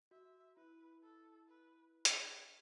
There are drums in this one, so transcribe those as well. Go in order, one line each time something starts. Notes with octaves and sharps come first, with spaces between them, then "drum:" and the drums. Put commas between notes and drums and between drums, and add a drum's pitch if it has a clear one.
F#4 E5
E4 B4
A4
B4
drum: hi-hat